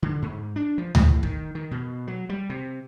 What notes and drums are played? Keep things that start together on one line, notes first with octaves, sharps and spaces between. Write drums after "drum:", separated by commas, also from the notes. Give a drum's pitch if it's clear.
D3
G#2
D4
F3
A2, drum: tom D2
D#3, drum: kick
D#3
B2
F#3
G3
C3